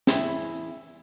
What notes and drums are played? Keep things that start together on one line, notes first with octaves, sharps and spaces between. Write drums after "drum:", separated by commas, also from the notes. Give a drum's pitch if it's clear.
E2 E4 G#4, drum: snare